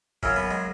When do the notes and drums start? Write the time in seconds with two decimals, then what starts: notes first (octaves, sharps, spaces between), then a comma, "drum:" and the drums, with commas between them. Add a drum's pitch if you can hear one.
0.23 F#2 C#3 F#3 C#4, drum: kick
0.36 B3
0.51 G#3